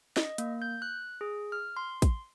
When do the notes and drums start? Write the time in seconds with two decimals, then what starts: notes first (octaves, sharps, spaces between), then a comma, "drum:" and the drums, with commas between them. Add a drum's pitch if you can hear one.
0.17 D#5, drum: snare
0.38 A#3, drum: hi-hat
0.62 G6
0.82 F#6
1.21 G#4
1.52 F6
1.77 C6
2.02 drum: kick, hi-hat